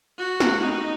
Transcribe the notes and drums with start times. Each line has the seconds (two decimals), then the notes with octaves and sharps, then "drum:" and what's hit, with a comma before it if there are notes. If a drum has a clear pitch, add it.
0.18 F#4
0.40 drum: snare
0.63 D#4